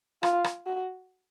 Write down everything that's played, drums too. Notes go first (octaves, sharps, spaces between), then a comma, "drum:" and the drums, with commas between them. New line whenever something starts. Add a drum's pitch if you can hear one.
F4, drum: rim click
drum: rim click
F#4